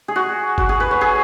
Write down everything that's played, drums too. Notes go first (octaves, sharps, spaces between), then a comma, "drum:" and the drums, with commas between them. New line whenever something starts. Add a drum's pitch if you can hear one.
G#4
F#4
F#4, drum: kick G1
G#4
B4
C#5
G#4